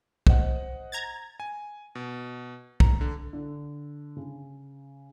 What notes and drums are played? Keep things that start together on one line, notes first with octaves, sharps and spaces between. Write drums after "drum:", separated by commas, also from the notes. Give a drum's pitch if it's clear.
C5 D#5 F#5, drum: kick
A#5 G#6 A6
G#5
B2
A#5, drum: kick
D3
D3
C#3